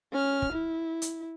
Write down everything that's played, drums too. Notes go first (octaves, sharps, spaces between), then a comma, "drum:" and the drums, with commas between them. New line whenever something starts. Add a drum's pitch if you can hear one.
C#4 F6
drum: kick
E4
drum: hi-hat